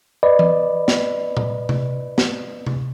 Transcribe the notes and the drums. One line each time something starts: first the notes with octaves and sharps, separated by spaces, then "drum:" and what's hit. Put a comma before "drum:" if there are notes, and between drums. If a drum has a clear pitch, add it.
B4 D5 D#5 B5
drum: tom E3
drum: snare
drum: tom A#2
drum: tom C3
drum: snare
drum: tom C3